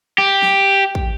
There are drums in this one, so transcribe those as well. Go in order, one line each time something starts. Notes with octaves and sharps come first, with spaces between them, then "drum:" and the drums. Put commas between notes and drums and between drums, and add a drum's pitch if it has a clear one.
G4
drum: snare
drum: kick